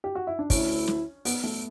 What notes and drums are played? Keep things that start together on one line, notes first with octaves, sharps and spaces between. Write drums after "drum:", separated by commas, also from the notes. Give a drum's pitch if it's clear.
G4
F#4
E4
D4
D2 D3 A3 C#4 E4, drum: kick, open hi-hat
drum: snare
B3, drum: open hi-hat
A3